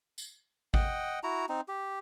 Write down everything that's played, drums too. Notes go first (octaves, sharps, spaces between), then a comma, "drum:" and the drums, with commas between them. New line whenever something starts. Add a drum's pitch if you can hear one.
drum: tambourine
D#5 F#5 G5, drum: kick G#1
E4 F#4 A#5
C4 D#4
G4